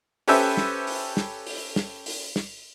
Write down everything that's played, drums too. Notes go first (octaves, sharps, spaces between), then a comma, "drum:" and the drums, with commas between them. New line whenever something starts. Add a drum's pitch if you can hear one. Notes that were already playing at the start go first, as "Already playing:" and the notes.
C#4 G4 A4 B4 C5 E5, drum: open hi-hat
drum: snare
drum: open hi-hat
drum: snare
drum: open hi-hat
drum: snare
drum: open hi-hat
drum: snare